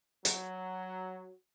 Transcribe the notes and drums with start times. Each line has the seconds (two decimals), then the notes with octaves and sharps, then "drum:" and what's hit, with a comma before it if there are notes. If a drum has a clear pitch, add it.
0.25 F#3, drum: hi-hat